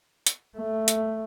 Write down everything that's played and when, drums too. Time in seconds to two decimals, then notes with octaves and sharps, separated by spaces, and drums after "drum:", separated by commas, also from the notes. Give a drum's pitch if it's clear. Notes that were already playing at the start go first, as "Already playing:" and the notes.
0.27 drum: hi-hat
0.58 A3
0.88 drum: hi-hat